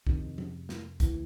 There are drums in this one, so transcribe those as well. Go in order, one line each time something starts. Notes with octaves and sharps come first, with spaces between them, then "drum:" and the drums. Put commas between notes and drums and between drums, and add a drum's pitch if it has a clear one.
F2 C3 D#3, drum: kick
drum: tom F3
drum: snare
D2 D3 E3, drum: kick, hi-hat